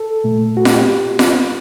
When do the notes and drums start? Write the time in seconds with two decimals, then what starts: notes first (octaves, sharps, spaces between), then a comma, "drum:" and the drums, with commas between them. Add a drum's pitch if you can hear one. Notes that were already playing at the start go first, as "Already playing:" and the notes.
Already playing: A4
0.24 A#2 A3
0.57 F#4
0.65 G4, drum: snare F4
1.19 drum: snare F4